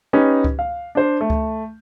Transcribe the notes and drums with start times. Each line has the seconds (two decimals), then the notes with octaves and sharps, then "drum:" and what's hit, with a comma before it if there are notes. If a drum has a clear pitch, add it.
0.13 C#4 D#4 G4 B4
0.44 drum: kick C#2
0.59 F5
0.95 D4 C5
1.21 A3
1.30 drum: kick C#2